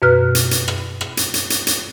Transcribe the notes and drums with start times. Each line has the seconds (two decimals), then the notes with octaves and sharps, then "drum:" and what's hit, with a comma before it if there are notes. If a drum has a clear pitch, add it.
0.02 F#2 B2 B4 F6 F#6
0.35 drum: hi-hat
0.51 drum: hi-hat
0.68 drum: rim click
1.01 drum: rim click
1.17 drum: hi-hat
1.34 drum: hi-hat
1.50 drum: hi-hat
1.67 drum: hi-hat